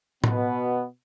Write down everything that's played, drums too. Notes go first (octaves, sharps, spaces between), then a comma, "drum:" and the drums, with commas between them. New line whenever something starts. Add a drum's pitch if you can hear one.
B2 B3, drum: tom A2